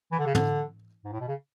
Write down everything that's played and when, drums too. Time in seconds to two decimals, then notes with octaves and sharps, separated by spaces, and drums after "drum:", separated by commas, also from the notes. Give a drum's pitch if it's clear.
0.12 E3
0.19 D3
0.27 C#3
0.35 D3, drum: tom
1.05 G#2
1.12 A2
1.20 B2
1.28 C#3